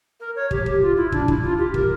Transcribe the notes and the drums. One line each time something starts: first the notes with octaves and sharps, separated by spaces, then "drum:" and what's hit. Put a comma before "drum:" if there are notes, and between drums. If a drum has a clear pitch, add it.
A#4
C#5
G4, drum: kick
G4, drum: kick
F4
E4
D4, drum: kick
E4, drum: kick
F4
G4
A#4, drum: kick